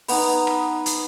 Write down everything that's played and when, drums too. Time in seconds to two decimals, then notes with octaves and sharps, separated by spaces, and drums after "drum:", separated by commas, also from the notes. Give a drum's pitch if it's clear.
0.08 B3 D#4, drum: open hi-hat
0.47 drum: rim click
0.86 drum: hi-hat